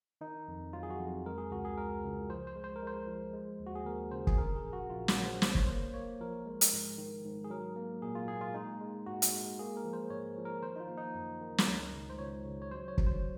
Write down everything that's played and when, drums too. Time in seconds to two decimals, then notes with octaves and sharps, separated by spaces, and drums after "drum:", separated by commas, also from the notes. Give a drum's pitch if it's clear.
0.21 D#3 D#4
0.48 F2
0.73 F#3 F4
0.83 G#4
0.90 F#4
1.00 F2
1.25 G#3 A#4
1.38 G#4
1.51 C#2 F#4
1.65 G#4
1.77 G#3 A#4
2.04 C#2
2.29 F3 C5
2.47 C5
2.56 G#3
2.64 C5
2.76 A#4
2.82 G#3
2.87 C5
3.07 F3
3.33 G#3
3.59 D#2
3.67 F#4
3.75 G#4
3.85 D#2 A#4
4.11 C#3 C5
4.27 G#4, drum: kick
4.38 A#1 A#4
4.56 G#4
4.64 A#1
4.73 F#4
4.90 A#1 F4
5.08 F#4, drum: snare
5.16 A#1
5.24 C5
5.42 A#3 C5, drum: snare
5.55 C#5, drum: kick
5.67 A#3 C5
5.94 A#3 C#5
6.21 F3 A#4
6.46 G#3
6.61 drum: hi-hat
6.73 G#2
6.98 D#3
7.25 G#2
7.44 G#4
7.50 F#3 A#4
7.76 A#3
8.02 A#2 G#4
8.15 F4
8.28 A#3 G#4
8.41 F4
8.54 G#3 D#4
8.81 G#3
9.06 G#2 F#4
9.22 drum: hi-hat
9.33 G#3
9.59 A#3 G#4
9.77 A#4
9.85 F3
9.93 C5
10.10 G#2 C#5
10.38 F3
10.45 A#4
10.62 D#3 C5
10.76 D#4
10.80 F4
10.89 A#3
10.98 D#4
11.15 F#2
11.41 D#3
11.58 drum: snare
11.68 C#2
11.94 C#2
12.10 C5
12.19 C#2 C#5
12.46 C#3
12.62 C#5
12.71 F#3 C5
12.88 C#5
12.98 F#3, drum: kick
13.07 C5